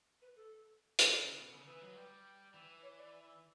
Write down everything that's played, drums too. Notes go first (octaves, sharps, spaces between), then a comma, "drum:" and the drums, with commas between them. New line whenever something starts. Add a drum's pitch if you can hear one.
B4
A4
G4, drum: hi-hat
A4
C#3
B2
C#3
E3 B4
F#3
G3
E3
C#5
D5